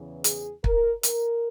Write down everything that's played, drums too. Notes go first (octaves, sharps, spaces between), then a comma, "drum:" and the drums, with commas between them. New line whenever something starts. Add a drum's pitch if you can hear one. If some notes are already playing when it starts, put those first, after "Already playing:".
Already playing: E2 C#3 E3
G#4, drum: hi-hat
A#4, drum: kick
A#4, drum: hi-hat